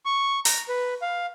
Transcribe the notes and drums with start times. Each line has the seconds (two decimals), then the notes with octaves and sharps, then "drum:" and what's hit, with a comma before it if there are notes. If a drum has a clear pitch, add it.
0.05 C#6
0.45 A#5, drum: open hi-hat
0.69 B4
1.02 F5